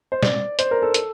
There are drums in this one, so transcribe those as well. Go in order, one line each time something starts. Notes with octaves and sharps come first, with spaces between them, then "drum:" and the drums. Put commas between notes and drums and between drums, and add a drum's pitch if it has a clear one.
C5
D5, drum: snare
C5, drum: hi-hat
A#4
A4
drum: hi-hat